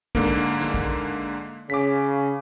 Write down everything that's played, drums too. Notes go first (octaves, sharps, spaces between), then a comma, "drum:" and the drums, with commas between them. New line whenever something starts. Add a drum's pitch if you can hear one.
G#2 D3 A#3, drum: kick
drum: snare
drum: kick
C#3 D6 B6